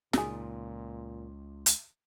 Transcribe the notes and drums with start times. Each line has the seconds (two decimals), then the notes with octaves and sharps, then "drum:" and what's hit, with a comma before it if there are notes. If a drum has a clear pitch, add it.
0.13 C#2 A#2 D#4 G#4, drum: snare
1.66 drum: hi-hat